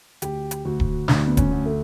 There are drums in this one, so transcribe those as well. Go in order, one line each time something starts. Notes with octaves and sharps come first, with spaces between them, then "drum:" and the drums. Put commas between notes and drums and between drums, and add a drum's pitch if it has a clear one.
D2 G4, drum: hi-hat
drum: hi-hat
D2 F#4
drum: kick D#1
D2 D4, drum: snare
B3
C#4, drum: kick D#1, hi-hat
D2
A3